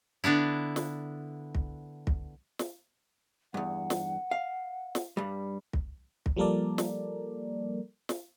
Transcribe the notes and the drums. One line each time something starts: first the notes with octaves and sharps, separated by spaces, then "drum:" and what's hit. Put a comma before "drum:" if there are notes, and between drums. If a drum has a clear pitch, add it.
D3 B3 D4 E4
drum: snare
drum: kick
drum: kick
drum: snare
E2 G2 F#5
drum: snare
F5
drum: snare
G2 G3
drum: kick
drum: kick
F3 G3 A#3 A4 A#4 D5
drum: snare
drum: snare